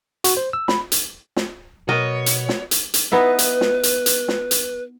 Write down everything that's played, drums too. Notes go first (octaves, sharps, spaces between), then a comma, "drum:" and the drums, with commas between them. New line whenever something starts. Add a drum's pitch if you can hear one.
F#4, drum: hi-hat
C5
E6
B5, drum: snare
drum: hi-hat
drum: snare
B2 F#3 B3 A#4 C#5 D#5
drum: hi-hat
drum: snare
drum: hi-hat
drum: hi-hat
B3 D#4 E4 B4
drum: hi-hat
drum: snare
drum: hi-hat
drum: hi-hat
drum: snare
drum: hi-hat